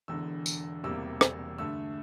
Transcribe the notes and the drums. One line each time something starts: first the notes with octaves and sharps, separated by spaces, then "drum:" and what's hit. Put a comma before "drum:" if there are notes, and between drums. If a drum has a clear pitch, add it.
E1 E2 D3 E6
drum: tambourine
E1 E2 C3 G3 A#3 E6
drum: rim click
G2 D3 A3 E6